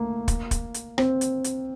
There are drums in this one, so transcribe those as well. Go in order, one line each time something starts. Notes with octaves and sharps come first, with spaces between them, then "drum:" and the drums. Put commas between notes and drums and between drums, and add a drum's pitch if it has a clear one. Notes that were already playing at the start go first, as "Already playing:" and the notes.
Already playing: A3 A#3
drum: kick, hi-hat
drum: kick, hi-hat
drum: hi-hat
C4, drum: rim click
drum: hi-hat
drum: hi-hat